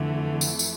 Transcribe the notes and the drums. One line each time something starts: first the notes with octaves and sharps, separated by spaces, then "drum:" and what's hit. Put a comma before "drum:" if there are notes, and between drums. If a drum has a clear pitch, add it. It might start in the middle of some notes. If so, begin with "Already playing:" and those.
Already playing: F2 D3 E3 A3
drum: tambourine
drum: tambourine